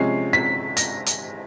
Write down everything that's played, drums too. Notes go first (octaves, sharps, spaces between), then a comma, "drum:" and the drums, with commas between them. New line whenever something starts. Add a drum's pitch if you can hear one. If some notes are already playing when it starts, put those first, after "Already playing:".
Already playing: C3 F3 G#3 C#4 C7
B6
A#6, drum: hi-hat
drum: hi-hat